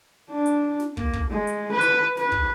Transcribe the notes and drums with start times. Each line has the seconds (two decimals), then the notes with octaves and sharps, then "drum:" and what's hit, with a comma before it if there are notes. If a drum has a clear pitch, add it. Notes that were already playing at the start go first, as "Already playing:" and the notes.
0.30 D4
0.46 drum: hi-hat
0.80 drum: snare
0.97 A#3, drum: kick
1.13 drum: kick
1.30 G#3
1.47 drum: hi-hat
1.72 B4
1.81 drum: hi-hat
2.17 B4, drum: snare
2.32 drum: kick